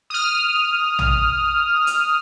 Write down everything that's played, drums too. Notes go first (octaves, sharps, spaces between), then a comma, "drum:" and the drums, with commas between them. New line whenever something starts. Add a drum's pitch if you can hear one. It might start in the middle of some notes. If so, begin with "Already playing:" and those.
D#6 F6
drum: tom A#1
drum: hi-hat